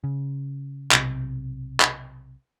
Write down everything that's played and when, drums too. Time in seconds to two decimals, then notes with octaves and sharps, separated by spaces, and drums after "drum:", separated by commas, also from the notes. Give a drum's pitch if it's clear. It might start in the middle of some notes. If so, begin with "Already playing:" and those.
0.04 C#3
0.92 B1 C3, drum: clap
1.80 drum: clap